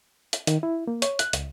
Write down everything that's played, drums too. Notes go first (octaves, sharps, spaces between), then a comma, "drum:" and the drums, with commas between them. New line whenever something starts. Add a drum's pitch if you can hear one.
drum: hi-hat
D#3, drum: hi-hat
E4
A#3
C#5, drum: hi-hat
F#6, drum: hi-hat
C#2, drum: hi-hat